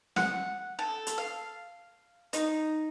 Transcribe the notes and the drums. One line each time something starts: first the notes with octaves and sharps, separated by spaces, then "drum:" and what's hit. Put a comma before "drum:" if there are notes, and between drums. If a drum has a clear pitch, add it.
F#5, drum: snare
A4
drum: hi-hat
F5
D#4, drum: hi-hat